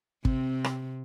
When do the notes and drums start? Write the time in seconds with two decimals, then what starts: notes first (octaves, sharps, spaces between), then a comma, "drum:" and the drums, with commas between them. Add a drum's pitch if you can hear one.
0.25 C3 C4, drum: kick
0.64 drum: rim click